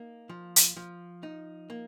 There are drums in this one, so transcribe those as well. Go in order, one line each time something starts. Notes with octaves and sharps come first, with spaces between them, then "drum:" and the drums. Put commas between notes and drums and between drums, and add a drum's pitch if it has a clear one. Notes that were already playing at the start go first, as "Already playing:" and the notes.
Already playing: A#3 D#4
F3
drum: hi-hat
F3
D#4
A#3